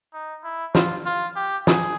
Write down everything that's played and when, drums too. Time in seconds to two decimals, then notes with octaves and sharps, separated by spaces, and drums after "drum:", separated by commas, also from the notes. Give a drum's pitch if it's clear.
0.14 D#4
0.44 E4
0.75 F4, drum: snare
1.06 F4
1.36 G4
1.67 G#4, drum: snare